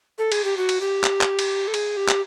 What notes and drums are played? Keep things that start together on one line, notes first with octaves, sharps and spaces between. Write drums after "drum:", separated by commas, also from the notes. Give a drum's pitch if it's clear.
A4
G#4, drum: cymbal
G4
F#4
drum: cymbal
G4
drum: clap
drum: clap
drum: cymbal
A4
G#4, drum: cymbal
G4
drum: clap